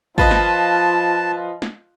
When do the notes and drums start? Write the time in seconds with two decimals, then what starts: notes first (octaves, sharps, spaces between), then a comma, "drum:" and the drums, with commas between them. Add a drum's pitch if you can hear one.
0.18 F3 F4 B4 D#5 A5, drum: kick
0.31 drum: snare
1.62 drum: snare